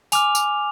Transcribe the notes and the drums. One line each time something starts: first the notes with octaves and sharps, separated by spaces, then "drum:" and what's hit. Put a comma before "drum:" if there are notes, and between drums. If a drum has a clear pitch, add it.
G#5 D6 F6 F7, drum: tambourine
drum: tambourine